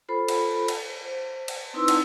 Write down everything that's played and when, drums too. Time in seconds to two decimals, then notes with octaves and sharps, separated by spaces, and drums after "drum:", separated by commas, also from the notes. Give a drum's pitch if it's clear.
0.09 F4 A4 C5 B5
0.28 drum: cymbal
0.68 drum: cymbal
1.01 C5
1.48 drum: cymbal
1.73 C4 D#4 E4 B4 C6 E6
1.88 drum: cymbal